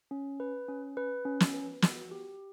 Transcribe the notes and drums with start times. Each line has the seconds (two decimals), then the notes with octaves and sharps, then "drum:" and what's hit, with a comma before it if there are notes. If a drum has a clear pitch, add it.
0.11 C#4
0.40 B4
0.68 C#4
0.97 B4
1.25 C#4
1.40 drum: snare
1.54 B4
1.82 F#4, drum: snare
2.11 G4